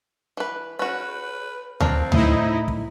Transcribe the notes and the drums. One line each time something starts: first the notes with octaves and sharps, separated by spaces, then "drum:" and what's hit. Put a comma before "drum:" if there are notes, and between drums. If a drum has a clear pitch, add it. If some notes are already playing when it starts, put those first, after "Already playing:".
E3 B4
C#4 F#4 B4
A#3 C4 D4 A#4, drum: tom D2
A2 D#4 E4 D#5, drum: tom D2
drum: kick